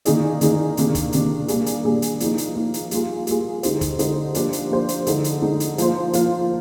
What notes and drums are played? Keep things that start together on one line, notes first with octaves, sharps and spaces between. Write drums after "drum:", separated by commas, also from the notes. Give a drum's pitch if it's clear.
D#3 A#3 D#4 G#4 D5, drum: hi-hat
D#3 A#3 D#4 G#4 D5, drum: hi-hat
C3 D#3 A#3 D4, drum: hi-hat
drum: kick, hi-hat
C3 D#3 A#3 D4, drum: hi-hat
A#2 G3 A#3 D4 G#4, drum: hi-hat
drum: hi-hat
A#2 G3 A#3 D4 G#4
drum: hi-hat
F3 A#3 D#4, drum: hi-hat
drum: hi-hat
F3 A#3 D#4
drum: hi-hat
G3 A#3 F4 G#4, drum: hi-hat
G3 A#3 F4 G#4, drum: hi-hat
D3 G#3 D#4 G4 C5, drum: hi-hat
drum: kick, hi-hat
D3 G#3 D#4 G4 C5, drum: hi-hat
F3 A#3 D4 G4 C5, drum: hi-hat
drum: hi-hat
F3 A#3 D4 G4 C5
drum: hi-hat
D3 G#3 D#4, drum: hi-hat
drum: hi-hat
D3 G#3 D#4
drum: hi-hat
F3 A#3 F4 C5, drum: hi-hat
F3 A#3 F4 C5, drum: hi-hat